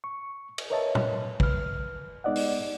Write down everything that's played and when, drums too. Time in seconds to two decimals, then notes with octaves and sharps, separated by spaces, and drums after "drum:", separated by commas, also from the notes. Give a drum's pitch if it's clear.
0.04 C#6
0.58 drum: cymbal
0.70 A#4 B4 C#5 D#5 E5 A5
0.95 drum: tom A#2
1.40 B4 F6, drum: kick
2.24 G#3 B3 D#4 D5 D#5 F#5
2.36 drum: open hi-hat